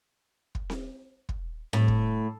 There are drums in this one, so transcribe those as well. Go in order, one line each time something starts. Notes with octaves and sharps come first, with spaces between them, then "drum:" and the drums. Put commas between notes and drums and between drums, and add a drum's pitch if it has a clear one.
drum: kick
drum: snare C4
drum: kick
A2, drum: snare C4
drum: kick